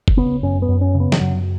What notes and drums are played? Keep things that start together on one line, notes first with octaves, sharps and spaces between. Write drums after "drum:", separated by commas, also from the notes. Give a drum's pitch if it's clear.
drum: kick F#1
C#3 B3
F#2 C#4
B3
F#2
C#4
C#3
B3
D#3, drum: snare
F#2 F#3